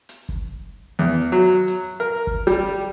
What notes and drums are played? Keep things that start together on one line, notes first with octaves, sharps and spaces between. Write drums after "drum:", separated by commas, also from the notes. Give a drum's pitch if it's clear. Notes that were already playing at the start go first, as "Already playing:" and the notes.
drum: hi-hat
drum: kick F#1
E2
F#3
drum: hi-hat
A#4
drum: kick F#1
G3, drum: hi-hat